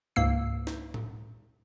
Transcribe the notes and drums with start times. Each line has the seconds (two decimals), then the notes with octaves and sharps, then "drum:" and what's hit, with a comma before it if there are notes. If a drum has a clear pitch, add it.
0.16 C#2 G#2 A#3 E6 C7
0.67 drum: snare
0.94 drum: tom A2